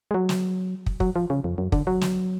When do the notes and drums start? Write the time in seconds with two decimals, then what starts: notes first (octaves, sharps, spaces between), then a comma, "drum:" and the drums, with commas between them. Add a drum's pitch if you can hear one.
0.11 G#3
0.14 F#3
0.29 drum: snare
0.86 drum: kick
1.00 F#3, drum: kick
1.16 F3
1.30 C#3
1.44 F2
1.58 F#2
1.72 D3, drum: kick
1.87 F#3
2.01 drum: snare